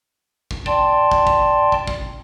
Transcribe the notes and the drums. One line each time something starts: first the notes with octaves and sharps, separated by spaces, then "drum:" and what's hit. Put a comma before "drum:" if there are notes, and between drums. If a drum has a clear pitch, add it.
drum: kick
D5 G5 A5 C6, drum: kick
drum: kick
drum: kick
drum: kick
drum: kick